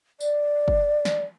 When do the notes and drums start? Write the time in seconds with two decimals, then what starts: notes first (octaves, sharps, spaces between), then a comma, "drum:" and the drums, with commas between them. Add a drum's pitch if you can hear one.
0.20 D5, drum: tambourine
0.68 drum: kick
1.05 drum: snare